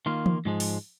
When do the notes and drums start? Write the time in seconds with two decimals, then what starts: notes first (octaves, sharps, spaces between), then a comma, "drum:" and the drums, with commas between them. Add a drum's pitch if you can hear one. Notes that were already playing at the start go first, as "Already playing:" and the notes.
0.06 D#3 A#3 F4
0.26 drum: tom E3
0.45 G#2 F3 G#3
0.60 drum: open hi-hat